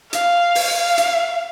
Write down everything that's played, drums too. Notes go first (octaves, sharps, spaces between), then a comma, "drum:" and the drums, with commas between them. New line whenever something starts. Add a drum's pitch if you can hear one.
F5, drum: hi-hat
drum: open hi-hat
F5
drum: hi-hat